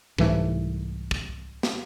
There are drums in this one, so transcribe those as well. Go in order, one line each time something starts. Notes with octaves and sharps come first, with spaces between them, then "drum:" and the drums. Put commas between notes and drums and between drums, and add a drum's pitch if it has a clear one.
C2 G#2 E3 A3, drum: kick
drum: kick
drum: snare